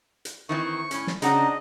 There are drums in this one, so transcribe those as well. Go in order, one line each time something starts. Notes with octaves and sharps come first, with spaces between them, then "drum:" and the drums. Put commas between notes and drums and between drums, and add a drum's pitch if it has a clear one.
drum: hi-hat
D#3 E3 C4 C#6
A2 C#4, drum: hi-hat
drum: snare
C#3 C4 D4 D#4 F#4 D#5 A#5, drum: hi-hat